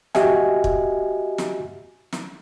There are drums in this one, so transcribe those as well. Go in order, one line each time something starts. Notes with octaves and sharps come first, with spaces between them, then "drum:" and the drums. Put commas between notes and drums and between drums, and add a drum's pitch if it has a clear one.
F#4 G4 D#5 E5 G#5, drum: snare
drum: kick
drum: snare
drum: snare